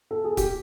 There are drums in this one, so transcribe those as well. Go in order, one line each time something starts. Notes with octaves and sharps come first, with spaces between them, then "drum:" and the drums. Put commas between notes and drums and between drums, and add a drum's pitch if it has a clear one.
A4
G#4
G4, drum: kick, hi-hat